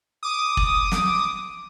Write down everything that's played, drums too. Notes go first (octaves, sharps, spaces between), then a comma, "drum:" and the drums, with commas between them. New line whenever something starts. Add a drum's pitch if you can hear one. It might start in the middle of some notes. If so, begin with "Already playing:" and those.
D6 D#6
drum: kick
drum: snare